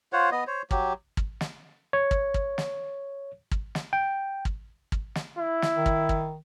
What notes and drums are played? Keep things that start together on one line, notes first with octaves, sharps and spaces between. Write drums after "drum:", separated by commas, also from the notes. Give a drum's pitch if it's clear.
F4 C5 C#5 F#5
B3 D#5
C5 C#5
F#3 G4, drum: kick
drum: kick
drum: snare
C#5
drum: kick
drum: kick
drum: snare
drum: kick
drum: snare
G5
drum: kick
drum: kick
drum: snare
E4
drum: snare
D#3
drum: kick
drum: kick